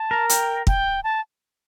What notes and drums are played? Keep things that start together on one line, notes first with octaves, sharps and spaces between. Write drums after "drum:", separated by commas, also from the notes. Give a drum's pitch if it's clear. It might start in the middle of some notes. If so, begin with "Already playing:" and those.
Already playing: A5
A#4
G5, drum: hi-hat
G5, drum: kick
A5